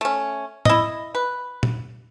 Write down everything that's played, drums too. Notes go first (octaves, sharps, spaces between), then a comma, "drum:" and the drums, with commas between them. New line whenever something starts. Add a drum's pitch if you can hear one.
A3 C#4
E4 D#5, drum: tom A2
B4
drum: tom A#2